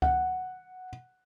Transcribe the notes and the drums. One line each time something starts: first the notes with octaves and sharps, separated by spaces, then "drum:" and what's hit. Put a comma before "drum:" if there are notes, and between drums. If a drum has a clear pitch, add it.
F#5, drum: kick C#2